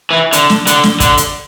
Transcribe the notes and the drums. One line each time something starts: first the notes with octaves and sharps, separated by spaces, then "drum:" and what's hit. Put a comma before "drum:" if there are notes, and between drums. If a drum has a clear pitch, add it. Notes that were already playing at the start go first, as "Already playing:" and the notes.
E3
D3, drum: hi-hat
drum: snare
D3, drum: hi-hat
drum: snare
D3, drum: kick, hi-hat
drum: hi-hat